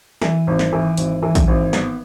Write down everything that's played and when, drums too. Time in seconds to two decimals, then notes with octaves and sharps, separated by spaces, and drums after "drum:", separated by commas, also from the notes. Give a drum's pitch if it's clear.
0.22 E3, drum: snare
0.47 G#1
0.59 drum: snare
0.73 E3
0.97 G#1, drum: hi-hat
1.23 E3
1.35 drum: kick A#1, hi-hat
1.47 G#1
1.73 B3, drum: snare